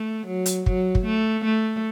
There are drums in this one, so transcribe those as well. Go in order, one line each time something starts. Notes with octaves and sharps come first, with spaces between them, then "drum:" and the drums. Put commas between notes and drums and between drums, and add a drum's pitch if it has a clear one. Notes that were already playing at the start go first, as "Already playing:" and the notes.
Already playing: A3
F#3
drum: hi-hat
F#3, drum: kick
drum: kick
A3
A3